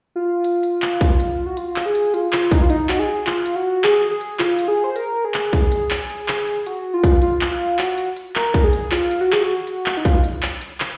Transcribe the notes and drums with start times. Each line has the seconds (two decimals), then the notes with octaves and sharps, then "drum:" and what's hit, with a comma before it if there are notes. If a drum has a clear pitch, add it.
0.16 F4
0.44 drum: hi-hat
0.63 drum: hi-hat
0.82 drum: clap
1.01 drum: kick, hi-hat
1.20 drum: hi-hat
1.46 F#4
1.57 F4, drum: hi-hat
1.76 drum: clap
1.86 G#4
1.95 drum: hi-hat
2.14 F4, drum: hi-hat
2.33 F4, drum: clap
2.51 D#4, drum: kick, hi-hat
2.62 F4
2.70 D#4, drum: hi-hat
2.89 F#4, drum: clap
2.99 G#4
3.27 F4, drum: clap
3.46 drum: hi-hat
3.56 F#4
3.84 G#4, drum: clap
4.11 G#4
4.21 drum: hi-hat
4.39 F4, drum: clap
4.59 drum: hi-hat
4.68 G#4
4.84 C5
4.96 A#4, drum: hi-hat
5.25 G#4
5.34 drum: clap
5.53 drum: kick, hi-hat
5.72 drum: hi-hat
5.91 drum: clap
6.09 drum: hi-hat
6.28 drum: clap
6.47 drum: hi-hat
6.66 F#4, drum: hi-hat
6.94 F4
7.04 drum: kick, hi-hat
7.22 F4, drum: hi-hat
7.41 drum: clap
7.51 F4
7.79 F#4, drum: clap
7.98 drum: hi-hat
8.17 drum: hi-hat
8.36 A#4, drum: clap
8.54 drum: kick, hi-hat
8.64 G#4
8.73 drum: hi-hat
8.91 F4, drum: clap
9.11 drum: hi-hat
9.21 F#4
9.32 G#4, drum: clap
9.44 F#4
9.67 drum: hi-hat
9.86 drum: clap
9.97 D#4
10.05 F4, drum: kick, hi-hat
10.24 drum: hi-hat
10.43 drum: clap
10.61 drum: hi-hat
10.80 drum: clap